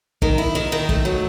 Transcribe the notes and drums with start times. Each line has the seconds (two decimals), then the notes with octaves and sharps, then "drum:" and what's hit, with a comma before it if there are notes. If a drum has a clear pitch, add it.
0.22 D#3, drum: kick
0.38 E4
0.55 D#3
0.72 D#3
0.89 A3, drum: kick
1.05 F#3